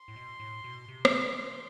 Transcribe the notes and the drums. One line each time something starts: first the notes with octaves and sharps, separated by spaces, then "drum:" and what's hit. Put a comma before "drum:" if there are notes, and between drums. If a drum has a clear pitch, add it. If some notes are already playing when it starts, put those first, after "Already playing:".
Already playing: C6
A2
B2
A2
B2
C3
D#3, drum: rim click
E3
C6